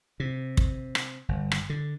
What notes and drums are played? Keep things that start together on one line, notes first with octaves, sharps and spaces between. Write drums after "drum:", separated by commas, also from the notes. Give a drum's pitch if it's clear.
C3
drum: kick
drum: rim click
G1
drum: rim click
D3